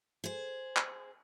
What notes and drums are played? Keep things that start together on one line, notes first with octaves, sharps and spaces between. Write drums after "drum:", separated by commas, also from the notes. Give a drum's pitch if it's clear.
G#4 C5
drum: clap